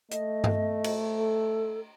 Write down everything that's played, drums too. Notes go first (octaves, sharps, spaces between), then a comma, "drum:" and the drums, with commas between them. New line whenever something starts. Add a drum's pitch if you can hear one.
A3 D#5, drum: hi-hat
drum: tom G2
drum: cymbal
A4